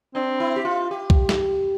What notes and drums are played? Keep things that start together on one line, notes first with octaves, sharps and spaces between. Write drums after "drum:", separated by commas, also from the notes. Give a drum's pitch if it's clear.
C4 D4
E4
G4
F4
G4
drum: kick B1
drum: snare